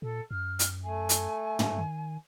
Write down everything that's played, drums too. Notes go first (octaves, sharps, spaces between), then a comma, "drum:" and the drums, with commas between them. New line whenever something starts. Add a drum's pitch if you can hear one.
A#2 A4
F#2 F6
drum: hi-hat
A3 G#5
drum: hi-hat
drum: tom
D#3